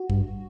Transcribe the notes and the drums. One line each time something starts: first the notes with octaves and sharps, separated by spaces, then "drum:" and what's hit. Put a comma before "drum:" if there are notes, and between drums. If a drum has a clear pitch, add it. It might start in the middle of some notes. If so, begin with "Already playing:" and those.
Already playing: F#4
G2, drum: kick